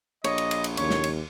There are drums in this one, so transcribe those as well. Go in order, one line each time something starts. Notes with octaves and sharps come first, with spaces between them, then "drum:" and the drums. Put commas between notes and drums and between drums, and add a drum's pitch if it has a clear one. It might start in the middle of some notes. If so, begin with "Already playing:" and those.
A#1 C#5 D#5, drum: cymbal
drum: cymbal
drum: cymbal
drum: cymbal
D#2 C#4 C#5, drum: cymbal
drum: snare
drum: cymbal